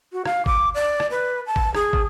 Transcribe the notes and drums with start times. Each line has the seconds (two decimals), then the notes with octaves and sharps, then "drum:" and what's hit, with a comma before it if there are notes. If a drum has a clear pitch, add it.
0.12 F#4
0.25 F5, drum: rim click
0.46 D6, drum: kick
0.74 D5
1.00 drum: rim click
1.11 B4
1.47 A5
1.56 drum: kick
1.75 G#4, drum: rim click
1.93 drum: kick